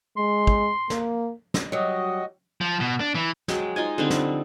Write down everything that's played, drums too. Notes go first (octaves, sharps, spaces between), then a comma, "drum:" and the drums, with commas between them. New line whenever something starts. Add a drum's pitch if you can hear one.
G#3 C6
drum: kick
A#3, drum: snare
drum: snare
F#3 G3 F#4 D#5
F3
B2
D4
E3
F#3 G#3 G5, drum: snare
D#4 F4 D#5 G#5
D3 G3 C4 D#4
drum: snare